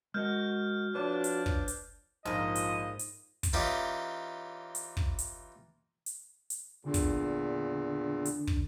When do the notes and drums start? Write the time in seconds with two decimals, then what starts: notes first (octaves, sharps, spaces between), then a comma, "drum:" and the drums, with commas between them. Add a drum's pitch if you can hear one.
0.14 G#3 F#4 A#4 D#5 F6 G6
0.95 F3 D4 B4 C#5
1.24 drum: hi-hat
1.46 drum: kick
1.68 drum: hi-hat
2.25 A#1 G#2 F3 A#4 D#5
2.55 drum: hi-hat
2.99 drum: hi-hat
3.43 drum: kick, hi-hat
3.53 E3 C#4 D#4 F4 G4
4.75 drum: hi-hat
4.97 drum: kick
5.19 drum: hi-hat
6.06 drum: hi-hat
6.50 drum: hi-hat
6.85 E2 A#2 D3
6.94 drum: kick, hi-hat
8.25 drum: hi-hat
8.47 drum: kick